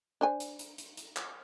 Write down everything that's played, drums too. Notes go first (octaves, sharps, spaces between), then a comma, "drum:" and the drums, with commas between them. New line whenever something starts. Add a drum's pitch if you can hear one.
D4 C5 G#5
drum: hi-hat
drum: hi-hat
drum: hi-hat
drum: hi-hat
drum: clap